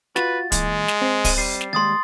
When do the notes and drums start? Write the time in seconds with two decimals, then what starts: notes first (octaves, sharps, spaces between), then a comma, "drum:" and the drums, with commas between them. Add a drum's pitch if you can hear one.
0.16 F4 F#4 B4 A6, drum: snare
0.52 A#2 E3 G#3, drum: kick, hi-hat
0.88 drum: snare
1.02 C4
1.24 drum: kick, open hi-hat
1.38 G3 C7
1.61 drum: snare
1.73 D#2 G#3 C6 D#6 A6